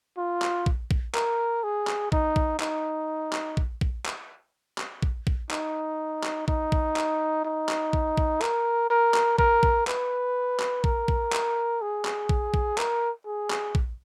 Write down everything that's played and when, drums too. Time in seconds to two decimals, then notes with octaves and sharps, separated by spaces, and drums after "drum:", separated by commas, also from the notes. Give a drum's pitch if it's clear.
0.17 F4
0.42 drum: clap
0.66 drum: kick
0.91 drum: kick
1.15 A#4, drum: clap
1.64 G#4
1.87 drum: clap
2.12 D#4, drum: kick
2.36 drum: kick
2.60 D#4, drum: clap
3.33 drum: clap
3.57 drum: kick
3.81 drum: kick
4.06 drum: clap
4.78 drum: clap
5.02 drum: kick
5.27 drum: kick
5.51 D#4, drum: clap
6.24 drum: clap
6.48 D#4, drum: kick
6.72 drum: kick
6.96 drum: clap
7.45 D#4
7.69 drum: clap
7.93 drum: kick
8.17 drum: kick
8.42 A#4, drum: clap
8.90 A#4
9.14 drum: clap
9.39 A#4, drum: kick
9.63 drum: kick
9.87 B4, drum: clap
10.60 drum: clap
10.84 A#4, drum: kick
11.08 drum: kick
11.32 drum: clap
11.82 G#4
12.05 drum: clap
12.29 drum: kick
12.54 drum: kick
12.78 A#4, drum: clap
13.26 G#4
13.51 drum: clap
13.75 drum: kick